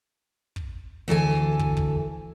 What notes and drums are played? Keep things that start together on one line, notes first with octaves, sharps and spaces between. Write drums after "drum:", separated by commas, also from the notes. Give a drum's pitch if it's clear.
drum: kick
D2 E3 A4 G#5
drum: kick
drum: kick